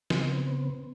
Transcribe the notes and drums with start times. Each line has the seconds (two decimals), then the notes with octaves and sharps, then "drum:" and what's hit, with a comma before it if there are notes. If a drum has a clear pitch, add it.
0.10 C#3 B3 C4, drum: snare